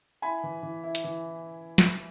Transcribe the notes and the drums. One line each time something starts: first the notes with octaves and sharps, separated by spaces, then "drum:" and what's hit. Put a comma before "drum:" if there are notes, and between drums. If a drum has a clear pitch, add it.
E4 G#5 B5
E3
E3
E4
drum: hi-hat
E3
drum: snare